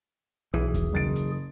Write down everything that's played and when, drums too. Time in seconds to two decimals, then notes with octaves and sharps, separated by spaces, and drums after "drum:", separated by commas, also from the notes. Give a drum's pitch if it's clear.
0.54 B1 E3 G#4
0.74 drum: kick E2, hi-hat
0.93 F#1 A6 D7
1.16 drum: hi-hat